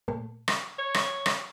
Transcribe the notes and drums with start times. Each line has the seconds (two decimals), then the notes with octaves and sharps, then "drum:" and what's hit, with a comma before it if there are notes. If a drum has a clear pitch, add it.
0.08 A#2 A3
0.48 drum: rim click
0.79 C#5
0.94 drum: rim click
1.26 drum: rim click